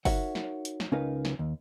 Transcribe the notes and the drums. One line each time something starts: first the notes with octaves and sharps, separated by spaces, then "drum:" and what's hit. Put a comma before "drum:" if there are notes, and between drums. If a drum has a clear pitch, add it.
D#4 F#4 A#4 C#5 E5 F#5, drum: kick F#1, open hi-hat
drum: snare
drum: hi-hat
drum: snare
C#2 C#4 D#4 A#4 B4 F5
drum: snare
D#2